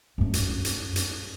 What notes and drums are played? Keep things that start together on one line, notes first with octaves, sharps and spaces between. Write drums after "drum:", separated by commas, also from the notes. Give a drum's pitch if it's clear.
F#2 D4
drum: hi-hat
drum: hi-hat
drum: hi-hat